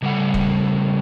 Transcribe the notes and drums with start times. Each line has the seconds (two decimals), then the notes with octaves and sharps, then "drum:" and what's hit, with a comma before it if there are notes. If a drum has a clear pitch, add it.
0.02 C#3 G3 A3 A4 F#5
0.34 drum: kick